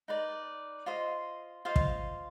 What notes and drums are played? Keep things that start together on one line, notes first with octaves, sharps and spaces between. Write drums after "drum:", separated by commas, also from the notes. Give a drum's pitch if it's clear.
D#4 B4 D5
F4 C5 D#5
F4 C5 D#5 F5
drum: kick